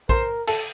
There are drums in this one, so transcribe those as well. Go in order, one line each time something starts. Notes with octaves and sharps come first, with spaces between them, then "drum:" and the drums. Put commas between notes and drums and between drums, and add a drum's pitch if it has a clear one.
A#4 C5, drum: kick A#1
A4, drum: cymbal